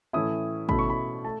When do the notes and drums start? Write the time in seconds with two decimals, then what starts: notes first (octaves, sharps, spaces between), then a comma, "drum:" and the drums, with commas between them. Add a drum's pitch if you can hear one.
0.13 A2 E3 A3 C#4 E4 D#6
0.69 B2 A3 C#4 E4 B5, drum: kick
0.79 C#6
0.90 B5
1.25 A3 A5